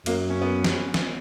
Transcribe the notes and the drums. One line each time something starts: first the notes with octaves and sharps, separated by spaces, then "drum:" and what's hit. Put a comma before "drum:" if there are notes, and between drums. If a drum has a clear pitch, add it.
F#2 A#3, drum: cymbal
C#4
B3
drum: snare
drum: snare